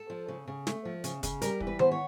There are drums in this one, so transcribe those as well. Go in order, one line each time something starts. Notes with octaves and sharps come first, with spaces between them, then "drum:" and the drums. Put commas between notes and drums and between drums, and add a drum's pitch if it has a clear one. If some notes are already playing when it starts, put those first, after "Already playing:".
Already playing: A4
F3
C#3
C#3
A3, drum: snare
F3
C#3, drum: hi-hat
C#3, drum: kick, hi-hat
G3 A#4, drum: hi-hat
E3, drum: kick
B4
B3 C5, drum: tom D#3
C#5